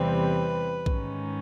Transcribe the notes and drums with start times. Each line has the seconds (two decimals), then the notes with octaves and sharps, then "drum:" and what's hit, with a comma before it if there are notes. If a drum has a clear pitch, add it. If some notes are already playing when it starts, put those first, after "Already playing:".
Already playing: E2 C3 E3 G3 C4 B4
0.86 G#2 D#3 G#3 C#4, drum: kick A#1